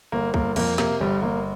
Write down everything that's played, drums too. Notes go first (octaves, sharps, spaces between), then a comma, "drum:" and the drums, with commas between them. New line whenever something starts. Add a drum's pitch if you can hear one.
G1 A#3
G1 A#3, drum: kick
F2 A#3, drum: cymbal
C3 A#3, drum: snare
G1 G3
G1 A#3